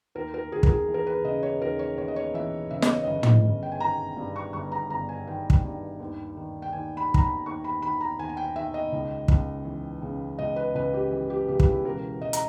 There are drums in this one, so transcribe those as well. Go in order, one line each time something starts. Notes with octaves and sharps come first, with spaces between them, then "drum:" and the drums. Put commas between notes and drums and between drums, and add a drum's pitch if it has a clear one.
D#2 A#4
A#4
D#2 G#4
A#4, drum: kick
G#4
E3
A#4
B4
C#3 D#5
C#5
D#2 A#4
C#5
D#2 C#5
D#5
C#5
E3 E5
C#3 E5
D#5, drum: snare
C#5
G1 D#5
drum: tom
G1
G5
G#5
D#3 A#5
G2
C#6
G1 C#6
A#5
G1 A#5
G#5
D#3 G5
drum: kick
G2
D#2
D#3
G5
D#2 G#5
B5
D#3
A#5, drum: kick
B5
D#2 C#6
B5
D#3 B5
A#5
D#2 G#5
G#5
G5
D#3 E5
D#5
C#2
C#2, drum: kick
E3
C#3
C#2 D#5
B4
C#2 B4
G4
E3
G4
C#3 G4
G4, drum: kick
E4
E1 A#4
E1 D#5
A#5, drum: hi-hat